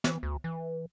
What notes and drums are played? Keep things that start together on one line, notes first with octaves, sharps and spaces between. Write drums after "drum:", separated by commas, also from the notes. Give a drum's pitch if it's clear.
E3, drum: snare
D2
E3